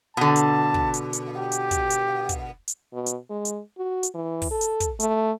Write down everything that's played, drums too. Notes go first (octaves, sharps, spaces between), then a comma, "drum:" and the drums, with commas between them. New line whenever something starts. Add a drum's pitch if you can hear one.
B2 D3 A5
drum: hi-hat
drum: kick
drum: hi-hat
drum: hi-hat
G4
drum: hi-hat
drum: kick, hi-hat
drum: hi-hat
drum: kick, hi-hat
drum: hi-hat
B2
drum: hi-hat
G#3
drum: hi-hat
F#4
drum: hi-hat
E3
drum: kick, open hi-hat
A4
drum: hi-hat
drum: kick, hi-hat
A3, drum: hi-hat